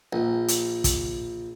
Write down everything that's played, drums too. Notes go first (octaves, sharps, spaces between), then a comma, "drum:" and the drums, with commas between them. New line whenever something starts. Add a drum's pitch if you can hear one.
A#1
drum: hi-hat
drum: kick, hi-hat